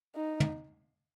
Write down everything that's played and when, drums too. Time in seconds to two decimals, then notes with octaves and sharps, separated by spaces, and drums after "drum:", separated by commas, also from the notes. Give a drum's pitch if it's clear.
0.15 D#4
0.40 drum: tom